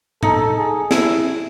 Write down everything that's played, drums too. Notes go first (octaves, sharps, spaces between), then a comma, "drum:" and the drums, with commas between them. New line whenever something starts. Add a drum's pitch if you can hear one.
D#4 A4, drum: tom A2
G#4
E4, drum: snare